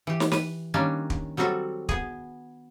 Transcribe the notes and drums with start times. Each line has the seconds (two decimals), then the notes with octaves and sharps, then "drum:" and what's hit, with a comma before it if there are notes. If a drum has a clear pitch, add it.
0.07 E3 G4
0.20 drum: snare
0.32 B4, drum: snare
0.74 D#3 G3 A#3 C#4 D4
1.10 drum: kick
1.37 F#3 G3 C4 F#4 A4
1.89 B3 G#4, drum: kick